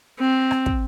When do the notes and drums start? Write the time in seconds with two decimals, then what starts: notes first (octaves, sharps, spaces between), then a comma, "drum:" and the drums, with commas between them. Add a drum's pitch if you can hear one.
0.20 C4
0.51 drum: rim click
0.66 drum: kick